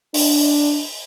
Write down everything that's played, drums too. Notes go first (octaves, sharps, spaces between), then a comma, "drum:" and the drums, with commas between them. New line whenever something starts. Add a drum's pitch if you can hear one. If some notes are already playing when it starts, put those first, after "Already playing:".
D4, drum: open hi-hat